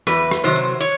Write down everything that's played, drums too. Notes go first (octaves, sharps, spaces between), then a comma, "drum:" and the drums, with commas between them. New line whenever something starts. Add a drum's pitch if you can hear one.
E2 B4, drum: rim click
drum: rim click
C3 D#3 F#3 C5
drum: hi-hat
C#5, drum: hi-hat